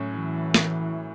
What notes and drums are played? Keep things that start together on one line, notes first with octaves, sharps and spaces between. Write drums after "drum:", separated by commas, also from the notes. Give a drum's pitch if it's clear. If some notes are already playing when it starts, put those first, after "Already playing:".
Already playing: A2 F#3 C#4 F#4
E3
drum: snare